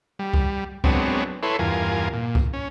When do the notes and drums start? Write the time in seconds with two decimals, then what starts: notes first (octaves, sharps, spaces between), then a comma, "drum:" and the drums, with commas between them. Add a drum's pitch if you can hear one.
0.19 G3
0.33 drum: kick C2
0.84 F#3 G#3 B3 C4 D4 C#5, drum: kick C2
1.43 E4 A4 B4 C#5 C6
1.59 E2 G2 F4 A#4 G#5
2.13 A#2
2.35 drum: kick C2
2.53 C#4